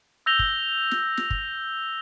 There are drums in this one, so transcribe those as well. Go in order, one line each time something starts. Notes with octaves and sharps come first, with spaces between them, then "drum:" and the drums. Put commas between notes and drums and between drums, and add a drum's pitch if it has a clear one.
E6 G6 A#6 F7 G7
drum: kick
drum: snare
drum: snare
drum: kick